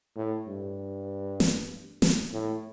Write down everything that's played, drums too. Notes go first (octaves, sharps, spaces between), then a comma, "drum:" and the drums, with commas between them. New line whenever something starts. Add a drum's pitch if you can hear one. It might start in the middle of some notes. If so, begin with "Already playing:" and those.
A2
G2
drum: snare
drum: snare
A2